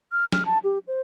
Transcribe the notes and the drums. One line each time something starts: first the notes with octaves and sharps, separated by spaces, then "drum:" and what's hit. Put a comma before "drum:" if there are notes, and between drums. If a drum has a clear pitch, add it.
F6
F6, drum: snare
A5
G4
C5